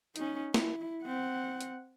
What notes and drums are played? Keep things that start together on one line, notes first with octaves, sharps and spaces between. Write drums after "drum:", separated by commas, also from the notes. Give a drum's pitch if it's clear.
C#4 D#4, drum: hi-hat
E4, drum: snare
C4 F#5
drum: hi-hat